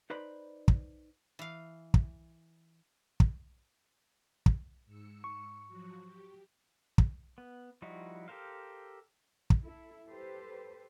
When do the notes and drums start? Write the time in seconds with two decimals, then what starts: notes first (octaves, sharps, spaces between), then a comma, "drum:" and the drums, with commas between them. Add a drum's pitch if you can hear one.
0.10 D#4 B4 C5 D5 B5
0.68 drum: kick
1.39 E3 F5
1.94 drum: kick
3.20 drum: kick
4.46 drum: kick
4.85 G#2 E6 C#7
5.24 C#6
5.68 F3 F#3 F#4
6.04 G4
6.98 drum: kick
7.38 B3
7.82 F3 G3 D#4 E4 F#4
8.28 G4 A4 A#4 C5 F5
9.50 drum: kick
9.63 E4 A4
10.08 G4 A4 B4 C5